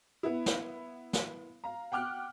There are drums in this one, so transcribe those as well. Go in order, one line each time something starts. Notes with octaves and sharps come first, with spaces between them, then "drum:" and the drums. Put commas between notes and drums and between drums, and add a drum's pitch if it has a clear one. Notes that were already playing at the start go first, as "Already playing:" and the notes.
B3 E4
drum: snare
drum: snare
F5 A#5
F#5 G5 D6 F6 F#6